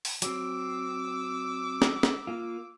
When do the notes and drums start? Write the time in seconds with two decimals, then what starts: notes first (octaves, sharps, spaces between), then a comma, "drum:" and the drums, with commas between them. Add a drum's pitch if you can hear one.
0.05 drum: open hi-hat
0.22 F#3 C4 D6 E6, drum: hi-hat
1.82 drum: snare
2.03 drum: snare
2.27 A#3 F4